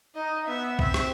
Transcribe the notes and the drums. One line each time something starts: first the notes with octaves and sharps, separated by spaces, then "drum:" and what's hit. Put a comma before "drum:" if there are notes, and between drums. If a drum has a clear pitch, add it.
D#4 D#5
B3 E5
C4 E5, drum: kick
drum: rim click